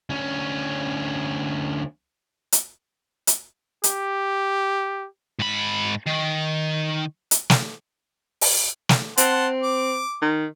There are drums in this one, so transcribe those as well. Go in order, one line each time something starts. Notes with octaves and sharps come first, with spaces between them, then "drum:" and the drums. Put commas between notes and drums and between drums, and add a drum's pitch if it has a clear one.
D2 C#4
drum: hi-hat
drum: hi-hat
G4, drum: hi-hat
G#2 B5
D#3
drum: hi-hat
drum: snare
drum: open hi-hat
drum: snare
C4 F#5 A5 C6, drum: hi-hat
D6
D#3